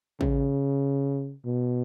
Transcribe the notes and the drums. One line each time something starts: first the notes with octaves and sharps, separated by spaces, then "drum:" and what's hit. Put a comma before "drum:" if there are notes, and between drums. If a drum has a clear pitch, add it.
C#3, drum: kick A1
B2